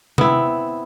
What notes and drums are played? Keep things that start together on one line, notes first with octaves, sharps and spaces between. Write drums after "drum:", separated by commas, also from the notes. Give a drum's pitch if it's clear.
B3 C4 E4, drum: tom C3